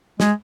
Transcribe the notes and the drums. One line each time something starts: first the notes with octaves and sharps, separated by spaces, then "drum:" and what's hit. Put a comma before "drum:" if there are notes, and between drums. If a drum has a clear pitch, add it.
G#3, drum: snare